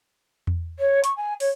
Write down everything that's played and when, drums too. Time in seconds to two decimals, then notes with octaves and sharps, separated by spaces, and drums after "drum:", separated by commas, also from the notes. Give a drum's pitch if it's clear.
0.47 drum: tom E2
0.79 C#5
1.04 C#6, drum: hi-hat
1.17 G#5
1.40 C#5, drum: open hi-hat